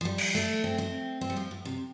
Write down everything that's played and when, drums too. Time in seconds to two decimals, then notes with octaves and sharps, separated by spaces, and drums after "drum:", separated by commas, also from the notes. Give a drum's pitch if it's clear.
0.01 F3
0.05 G3
0.18 drum: cymbal
0.35 A3
0.64 C4
0.78 C4
1.21 C4
1.30 G3
1.36 F3
1.51 A2
1.65 C3